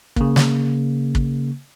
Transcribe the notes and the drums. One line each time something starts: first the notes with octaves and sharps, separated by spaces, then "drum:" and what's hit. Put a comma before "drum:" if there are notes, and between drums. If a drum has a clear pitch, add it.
C#3 A#3, drum: kick
drum: snare
drum: kick